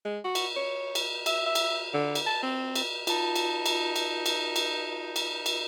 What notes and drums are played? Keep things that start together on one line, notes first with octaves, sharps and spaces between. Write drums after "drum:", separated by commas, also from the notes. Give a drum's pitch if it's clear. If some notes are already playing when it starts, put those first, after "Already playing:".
G#3
F#4
drum: cymbal
C#5
drum: cymbal
E5, drum: cymbal
E5
drum: cymbal
D3
drum: cymbal
A5
C4
drum: cymbal
D#4 F4 A5, drum: cymbal
drum: cymbal
drum: cymbal
drum: cymbal
drum: cymbal
drum: cymbal
drum: cymbal
drum: cymbal